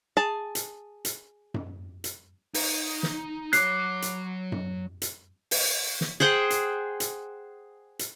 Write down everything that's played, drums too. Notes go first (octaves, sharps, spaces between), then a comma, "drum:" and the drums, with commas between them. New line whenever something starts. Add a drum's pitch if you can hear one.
G#4 A5
drum: hi-hat
drum: hi-hat
drum: tom F#2
drum: hi-hat
D#4, drum: open hi-hat
drum: snare
F#3 C#5 B5 D6 F#6 C7, drum: hi-hat
drum: hi-hat
drum: tom F#2
drum: hi-hat
drum: open hi-hat
drum: snare
G#4 C5 F#5 G5
drum: hi-hat
drum: hi-hat
drum: hi-hat